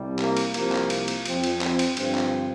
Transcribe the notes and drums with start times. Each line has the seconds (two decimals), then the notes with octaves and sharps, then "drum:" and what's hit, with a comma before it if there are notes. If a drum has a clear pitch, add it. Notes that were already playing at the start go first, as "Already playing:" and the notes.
Already playing: C2 C3 G3
0.19 A#3, drum: clap
0.37 drum: cymbal
0.54 C2 C3 F3 A#3, drum: cymbal
0.72 drum: clap
0.90 drum: cymbal
1.08 drum: cymbal
1.25 F2 F3 C4, drum: cymbal
1.44 drum: cymbal
1.61 C4, drum: clap
1.79 drum: cymbal
1.97 G2 D3 F3 C4, drum: cymbal
2.15 drum: clap